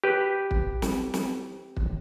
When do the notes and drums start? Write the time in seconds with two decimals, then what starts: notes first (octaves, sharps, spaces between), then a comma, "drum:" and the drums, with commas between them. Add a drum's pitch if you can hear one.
0.04 G4 B4
0.51 drum: kick
0.82 drum: snare
1.14 drum: snare
1.77 drum: kick